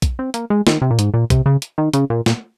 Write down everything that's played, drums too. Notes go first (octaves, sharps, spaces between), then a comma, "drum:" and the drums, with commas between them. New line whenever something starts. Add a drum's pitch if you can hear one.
drum: kick, hi-hat
C4
A#3, drum: hi-hat
G#3
D#3, drum: snare
C3
A#2
G#2, drum: hi-hat
A#2
C3, drum: kick, hi-hat
C#3
drum: hi-hat
D#3
C#3, drum: hi-hat
A#2
A#2, drum: snare